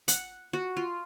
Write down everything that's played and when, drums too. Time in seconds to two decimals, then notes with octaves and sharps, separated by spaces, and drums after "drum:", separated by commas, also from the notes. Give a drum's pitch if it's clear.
0.08 F#5, drum: hi-hat
0.53 F#4
0.77 F4